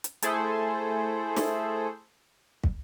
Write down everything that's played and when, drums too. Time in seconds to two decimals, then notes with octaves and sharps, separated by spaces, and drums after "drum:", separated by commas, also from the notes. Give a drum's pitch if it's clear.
0.04 drum: hi-hat
0.22 A3 E4 G#4 A4 C5, drum: hi-hat
1.37 drum: snare
2.64 drum: kick